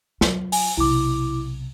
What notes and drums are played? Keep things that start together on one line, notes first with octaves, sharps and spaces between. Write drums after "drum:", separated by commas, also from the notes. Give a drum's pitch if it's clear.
F#3 F4, drum: snare
G#5, drum: open hi-hat
B1 C3 E4 D6